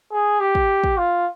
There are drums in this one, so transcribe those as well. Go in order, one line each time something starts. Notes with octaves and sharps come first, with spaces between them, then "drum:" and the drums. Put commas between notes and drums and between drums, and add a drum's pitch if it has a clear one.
G#4
G4
drum: kick
drum: kick
F4